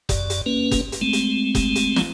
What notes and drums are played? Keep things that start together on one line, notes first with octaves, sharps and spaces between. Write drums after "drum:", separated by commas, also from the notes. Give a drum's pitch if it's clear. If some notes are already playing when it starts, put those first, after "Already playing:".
F#2 D5, drum: kick F#1, hi-hat
drum: hi-hat
A#3 C#4 B4
drum: kick F#1, hi-hat
drum: hi-hat
G#3 A3 C4
drum: hi-hat
drum: kick F#1, hi-hat
drum: hi-hat
drum: snare